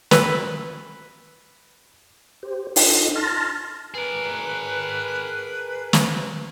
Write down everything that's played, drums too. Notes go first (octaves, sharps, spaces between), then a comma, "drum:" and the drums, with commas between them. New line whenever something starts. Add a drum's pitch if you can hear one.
B4 B5 E6, drum: snare
G4 C5
D4 D#4 F4 A4 D#5, drum: open hi-hat
A5 C6 F6 A6 A#6
G#4 A#4 B4
drum: snare